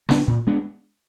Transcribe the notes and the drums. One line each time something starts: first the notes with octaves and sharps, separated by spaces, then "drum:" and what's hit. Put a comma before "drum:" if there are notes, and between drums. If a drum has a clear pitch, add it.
G#3 B3 D4, drum: snare
A#2
G#3 B3 D4